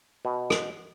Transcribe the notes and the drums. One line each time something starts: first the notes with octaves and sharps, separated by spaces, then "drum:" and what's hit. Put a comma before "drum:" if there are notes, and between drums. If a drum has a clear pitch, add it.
B2
drum: rim click